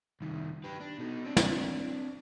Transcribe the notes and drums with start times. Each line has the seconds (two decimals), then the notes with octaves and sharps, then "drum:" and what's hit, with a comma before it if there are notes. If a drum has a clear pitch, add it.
0.21 C2 D#3
0.64 G4 B4
0.80 D4
0.98 B2 D#4
1.24 C4 D4
1.37 drum: snare